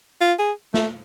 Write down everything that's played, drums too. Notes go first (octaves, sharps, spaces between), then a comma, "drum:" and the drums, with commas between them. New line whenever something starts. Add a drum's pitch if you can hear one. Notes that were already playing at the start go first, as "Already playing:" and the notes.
F4
G#4
A3, drum: snare